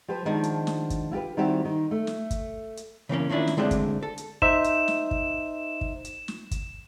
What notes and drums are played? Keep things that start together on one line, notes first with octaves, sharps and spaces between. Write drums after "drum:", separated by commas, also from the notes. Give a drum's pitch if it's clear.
F3 G4 B4 C5
D#3 F3 G#3 B3 D4
drum: hi-hat
drum: snare
drum: kick, hi-hat
E4 F4 G4 B4
D#3 G3 C4 E4 F#4 G4
D#3
A3
drum: snare
drum: kick, hi-hat
drum: hi-hat
C#3 E3 A#3 C#4
D#3 A#3 C#4 D4 E4 F4
drum: snare
D3 G#3 A3 C4 D4
drum: kick, hi-hat
A4
drum: hi-hat
D#4 C5 E5 E7, drum: kick
drum: hi-hat
drum: snare
drum: kick
drum: kick
drum: hi-hat
drum: snare
drum: kick, hi-hat